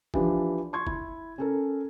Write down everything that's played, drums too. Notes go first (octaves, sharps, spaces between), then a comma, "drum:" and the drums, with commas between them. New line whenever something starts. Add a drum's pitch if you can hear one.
E3 F3 D4 G4, drum: kick F#1
C6 C#6 G#6
E4, drum: kick F#1
C#4 A4 A#4